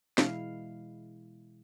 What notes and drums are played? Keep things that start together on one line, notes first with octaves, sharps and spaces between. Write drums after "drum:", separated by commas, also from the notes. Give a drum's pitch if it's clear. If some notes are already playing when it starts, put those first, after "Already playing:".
B2 E3 G#3 E4 F5, drum: snare